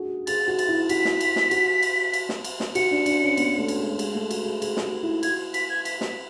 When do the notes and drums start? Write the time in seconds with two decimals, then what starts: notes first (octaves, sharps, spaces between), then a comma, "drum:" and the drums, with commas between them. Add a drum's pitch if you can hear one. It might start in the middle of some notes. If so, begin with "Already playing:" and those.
Already playing: D4 F#4 G#4
0.27 G#4 A6, drum: cymbal
0.48 F#4
0.59 A6, drum: cymbal
0.68 E4
0.89 F#4 B6, drum: cymbal
1.05 drum: snare
1.21 drum: cymbal
1.36 drum: snare
1.51 F#4, drum: cymbal
1.83 drum: cymbal
2.14 drum: cymbal
2.29 drum: snare
2.44 drum: cymbal
2.60 drum: snare
2.75 F#4 C#7, drum: cymbal
2.91 D4
3.06 D4, drum: cymbal
3.22 C#4
3.37 B3, drum: cymbal
3.58 A3
3.68 drum: cymbal
3.79 G#3
3.99 G#3, drum: cymbal
4.15 A3
4.31 F#4, drum: cymbal
4.45 G#4
4.62 G#4, drum: cymbal
4.77 G#4, drum: snare
4.82 F#4
5.03 E4
5.23 F#4 G#6, drum: cymbal
5.54 B6, drum: cymbal
5.70 G#6
5.85 B6, drum: cymbal
6.01 drum: snare